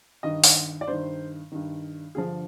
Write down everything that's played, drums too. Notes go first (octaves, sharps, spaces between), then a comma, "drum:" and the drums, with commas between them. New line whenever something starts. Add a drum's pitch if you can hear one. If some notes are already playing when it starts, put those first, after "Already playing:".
G2 D#3 D#5
drum: open hi-hat
D5
G2 D#3 C5
G2 D#3
G2 D3 F3 G#4